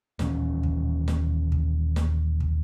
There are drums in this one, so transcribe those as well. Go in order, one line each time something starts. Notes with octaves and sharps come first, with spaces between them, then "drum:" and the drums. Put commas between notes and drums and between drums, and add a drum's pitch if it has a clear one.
D#1 E3 C#4, drum: snare
drum: kick
drum: snare
drum: kick
drum: snare
drum: kick